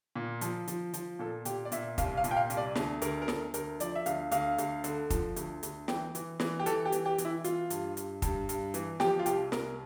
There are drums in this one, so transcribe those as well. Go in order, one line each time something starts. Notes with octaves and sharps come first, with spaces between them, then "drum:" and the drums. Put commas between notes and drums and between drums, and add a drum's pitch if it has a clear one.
A#2
F3, drum: hi-hat
F3, drum: hi-hat
F3, drum: hi-hat
A#2 A4
A#2 G4, drum: hi-hat
D5
A#2 E5, drum: hi-hat
C2 F5, drum: kick, hi-hat
F5
A#2, drum: hi-hat
G5
F5
C2, drum: hi-hat
D5
D2, drum: snare
D2 A#4, drum: hi-hat
A#4
D2 A4, drum: snare
D2 A#4, drum: hi-hat
F3 D5, drum: hi-hat
E5
D2 F5, drum: hi-hat
D2 F5, drum: hi-hat
D2, drum: hi-hat
D3, drum: hi-hat
F3, drum: kick, hi-hat
D2, drum: hi-hat
D2, drum: hi-hat
E3 G5, drum: snare
E3, drum: hi-hat
E3, drum: snare
G4
E3 A4, drum: hi-hat
G4
E3, drum: hi-hat
G4
E3, drum: hi-hat
E4
E3 F4, drum: hi-hat
G2, drum: hi-hat
G2, drum: hi-hat
G2, drum: kick, hi-hat
G2, drum: hi-hat
E3, drum: hi-hat
F3 G4, drum: snare
F4
C2 G4, drum: hi-hat
C2 A#4, drum: snare